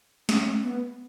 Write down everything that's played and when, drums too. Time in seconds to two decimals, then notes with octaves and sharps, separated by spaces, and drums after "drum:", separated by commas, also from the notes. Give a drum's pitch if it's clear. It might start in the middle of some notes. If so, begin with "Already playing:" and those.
0.29 C#4, drum: snare
0.63 B3